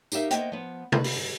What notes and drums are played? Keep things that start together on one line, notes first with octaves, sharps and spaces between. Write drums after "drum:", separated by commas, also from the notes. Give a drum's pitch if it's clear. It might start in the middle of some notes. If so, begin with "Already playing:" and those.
D#4 G4 A#4 E5 F5, drum: tambourine
A#3 B3 C5 D#5 E5 G5, drum: hi-hat
F3 B3
B4, drum: tom C3
drum: open hi-hat
G2